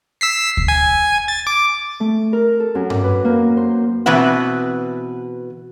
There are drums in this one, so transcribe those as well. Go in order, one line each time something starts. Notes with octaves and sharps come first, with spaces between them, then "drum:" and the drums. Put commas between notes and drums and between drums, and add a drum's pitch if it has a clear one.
E6 B6 C7
drum: kick D2
G#5
A6
D6
A3
A#4
A4
F#2
D6, drum: tom G2
B4
A#3
C5
B2 E3 C4 B4 F#5